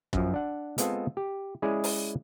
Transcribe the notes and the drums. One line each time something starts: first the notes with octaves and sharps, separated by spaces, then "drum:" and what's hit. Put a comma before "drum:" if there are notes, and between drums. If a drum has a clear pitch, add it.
F#2 F3, drum: kick
D4 F#5
G#3 B3 C4 F4 A4 D#5, drum: hi-hat
G4
G#3 C#4 E4 G#4 D5
drum: open hi-hat